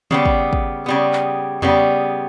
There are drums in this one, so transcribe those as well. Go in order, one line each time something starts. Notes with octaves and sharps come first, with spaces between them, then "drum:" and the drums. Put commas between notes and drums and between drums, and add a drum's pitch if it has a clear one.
C#3 G3 B3, drum: tom D3
drum: kick
drum: kick
C#3 G3 B3
drum: clap
C#3 G3 B3, drum: tom E2